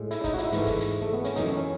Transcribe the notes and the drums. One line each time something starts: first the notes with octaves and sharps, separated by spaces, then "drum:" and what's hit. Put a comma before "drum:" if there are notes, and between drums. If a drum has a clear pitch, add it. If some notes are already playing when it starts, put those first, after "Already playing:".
Already playing: A2 G#3
E4, drum: hi-hat
D#4, drum: kick, hi-hat
F#4
E4, drum: hi-hat
G#2 E3 A3, drum: hi-hat
drum: kick, hi-hat
drum: hi-hat
A3
B3
C#4, drum: hi-hat
F#2 E3 A3 D#4, drum: hi-hat
C#4